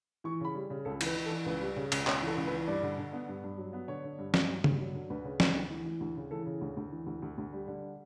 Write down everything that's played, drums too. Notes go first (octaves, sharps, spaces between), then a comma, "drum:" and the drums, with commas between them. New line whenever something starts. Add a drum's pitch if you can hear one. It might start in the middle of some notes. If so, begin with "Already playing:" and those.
E3 C#6
C#3 B5
G3
C#3
C#2 A4
E3, drum: cymbal
B4
E3
A4
E3
C#2 B4
G3
C#3
C#2, drum: cymbal
C#2 C#5, drum: clap
E3 A4
C#2
B4
E3
G2 D5
D3
D3
B3
G2
G2
F#3
B3
D3 C#5
D3
G2
G2, drum: snare
F#3
G2, drum: tom C#3
F#3
D3
D2 B4
C#3
D2, drum: snare
D2
E3
E3
D2
C#3
E3 A4
C#3
D2
D2
E3
D2
D2
D2
G3
D3